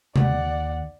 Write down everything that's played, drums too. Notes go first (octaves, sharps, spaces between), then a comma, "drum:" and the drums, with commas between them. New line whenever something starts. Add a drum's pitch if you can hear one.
D#2 D5 F#5, drum: tom C3